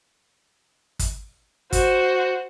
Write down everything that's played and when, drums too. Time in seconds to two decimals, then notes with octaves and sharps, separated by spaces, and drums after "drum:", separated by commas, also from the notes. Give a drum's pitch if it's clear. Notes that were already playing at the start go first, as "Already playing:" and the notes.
0.99 drum: kick, hi-hat
1.73 F#4 C5, drum: kick, hi-hat